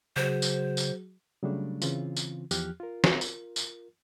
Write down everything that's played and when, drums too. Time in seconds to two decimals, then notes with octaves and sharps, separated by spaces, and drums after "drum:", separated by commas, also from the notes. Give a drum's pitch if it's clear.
0.16 C#3 F#3 F#4 G#4 C5
0.42 drum: tambourine
0.77 drum: tambourine
1.43 C#3 F#3 G3 A3 D4
1.82 C#3 E3 C4 F4, drum: tambourine
2.17 drum: tambourine
2.51 E2 F3 G4 F6 F#6, drum: tambourine
2.80 F4 A#4
3.04 drum: snare
3.21 drum: tambourine
3.56 drum: tambourine